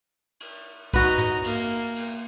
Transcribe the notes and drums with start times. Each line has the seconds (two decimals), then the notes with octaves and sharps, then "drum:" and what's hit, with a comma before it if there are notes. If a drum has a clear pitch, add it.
0.40 drum: cymbal
0.94 D#4 F#4 B4 A#5, drum: kick B1, cymbal
1.18 drum: tom
1.44 A#3, drum: cymbal
1.96 drum: cymbal